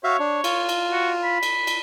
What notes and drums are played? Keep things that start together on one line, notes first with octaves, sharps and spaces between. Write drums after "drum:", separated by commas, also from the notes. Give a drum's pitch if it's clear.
F#4 C#5 E5 F5
D4
F4, drum: cymbal
drum: cymbal
F#4
B5
drum: cymbal
drum: cymbal